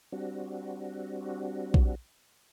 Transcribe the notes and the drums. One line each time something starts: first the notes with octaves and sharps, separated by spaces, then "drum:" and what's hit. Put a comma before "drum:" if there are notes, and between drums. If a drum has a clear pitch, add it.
G3 C4 D4 F#4
drum: kick A#1